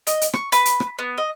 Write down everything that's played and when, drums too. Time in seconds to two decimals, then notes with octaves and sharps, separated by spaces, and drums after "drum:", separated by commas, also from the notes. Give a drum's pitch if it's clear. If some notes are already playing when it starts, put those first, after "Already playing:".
0.07 D#5, drum: hi-hat
0.21 drum: hi-hat
0.33 C#6, drum: rim click
0.52 B4, drum: hi-hat
0.65 drum: hi-hat
0.80 drum: rim click
0.99 B3
1.18 D#5